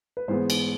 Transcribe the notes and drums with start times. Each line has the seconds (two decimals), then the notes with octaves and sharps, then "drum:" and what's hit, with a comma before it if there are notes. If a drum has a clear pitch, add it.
0.17 B4
0.28 G#2 E3 G#3 B3 C5
0.50 drum: cymbal